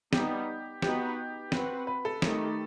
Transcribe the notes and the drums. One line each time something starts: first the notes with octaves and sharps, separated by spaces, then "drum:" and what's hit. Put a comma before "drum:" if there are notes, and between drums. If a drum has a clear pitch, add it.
G3 B3 D#4 G4, drum: snare
B3 D#4 F#4 G4 B4, drum: snare
C4 F#4 B4, drum: snare
B4
A4
D#3 A3 D#4 G4, drum: snare